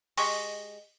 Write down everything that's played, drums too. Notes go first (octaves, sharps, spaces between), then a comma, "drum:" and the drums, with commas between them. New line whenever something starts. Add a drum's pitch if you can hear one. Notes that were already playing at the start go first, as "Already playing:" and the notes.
G#3 G4 D#5 C#6, drum: open hi-hat